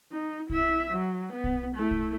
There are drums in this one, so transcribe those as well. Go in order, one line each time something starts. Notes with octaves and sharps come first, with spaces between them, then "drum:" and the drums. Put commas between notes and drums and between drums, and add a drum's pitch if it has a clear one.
D#4
E4 E5, drum: kick
F#3
B3
drum: kick
A3 E4
drum: kick